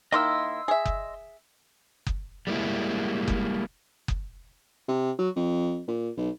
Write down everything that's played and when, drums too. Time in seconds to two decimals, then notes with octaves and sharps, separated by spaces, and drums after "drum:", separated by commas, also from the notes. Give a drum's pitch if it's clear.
0.12 D#3 A#3 E4 D#5 C6 E6
0.68 G#4 E5
0.85 drum: kick F#1
2.07 drum: kick F#1
2.47 G3 G#3 A#3 E4
3.28 drum: kick F#1
4.08 drum: kick F#1
4.88 C3
5.19 F#3
5.36 F2
5.88 A#2
6.17 B1